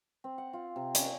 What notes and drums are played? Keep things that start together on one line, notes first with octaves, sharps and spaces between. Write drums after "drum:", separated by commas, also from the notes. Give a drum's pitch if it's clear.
C4
F#5
F4
C3
C#4, drum: hi-hat